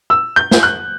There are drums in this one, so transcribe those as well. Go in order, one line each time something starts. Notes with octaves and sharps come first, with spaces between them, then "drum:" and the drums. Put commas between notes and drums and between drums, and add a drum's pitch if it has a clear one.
E6
G6
drum: snare
F#6